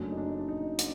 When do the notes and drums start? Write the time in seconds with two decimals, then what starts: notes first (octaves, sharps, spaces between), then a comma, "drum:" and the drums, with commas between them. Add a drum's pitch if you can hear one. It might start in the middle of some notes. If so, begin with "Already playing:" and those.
Already playing: F#1 F#2 F#3 A3 D4
0.10 D#4
0.17 D4
0.40 D4
0.48 D#4
0.79 drum: hi-hat